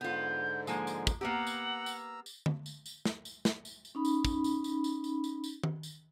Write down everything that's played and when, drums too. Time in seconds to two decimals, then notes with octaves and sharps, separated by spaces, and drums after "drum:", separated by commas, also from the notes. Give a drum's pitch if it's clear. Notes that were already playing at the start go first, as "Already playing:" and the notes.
0.01 G#2 D3 B3 F4 G6
0.67 F3 G#3 A#3 G#5, drum: tambourine
0.87 drum: tambourine
1.07 drum: kick, tambourine
1.21 A#3 B3 G4 F#5 A#5 E6
1.47 drum: tambourine
1.86 drum: tambourine
2.26 drum: tambourine
2.46 drum: tom D3
2.66 drum: tambourine
2.86 drum: tambourine
3.05 drum: snare
3.25 drum: tambourine
3.45 drum: snare
3.65 drum: tambourine
3.85 drum: tambourine
3.95 C#4 D#4 B5
4.05 drum: tambourine
4.25 drum: kick, tambourine
4.44 drum: tambourine
4.64 drum: tambourine
4.84 drum: tambourine
5.04 drum: tambourine
5.24 drum: tambourine
5.44 drum: tambourine
5.63 drum: tom D#3
5.83 drum: tambourine